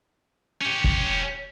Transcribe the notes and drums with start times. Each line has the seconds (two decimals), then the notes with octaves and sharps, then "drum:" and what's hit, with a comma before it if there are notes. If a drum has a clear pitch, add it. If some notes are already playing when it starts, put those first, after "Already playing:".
0.62 C#4 G4
0.84 drum: kick